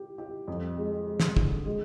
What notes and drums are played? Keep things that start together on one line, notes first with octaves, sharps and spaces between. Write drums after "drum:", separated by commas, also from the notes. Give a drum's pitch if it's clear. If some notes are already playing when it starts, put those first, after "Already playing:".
Already playing: G4
G4
F2
G#3
G#3
drum: snare
D3, drum: kick
G#3